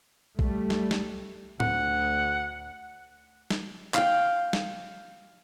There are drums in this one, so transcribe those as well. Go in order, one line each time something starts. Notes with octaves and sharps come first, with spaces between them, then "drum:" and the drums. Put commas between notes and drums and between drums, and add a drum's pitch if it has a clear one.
G3 A3, drum: kick A#1
drum: snare
drum: snare
D2 F#5, drum: tom A2
drum: snare
F5 G5, drum: clap
drum: snare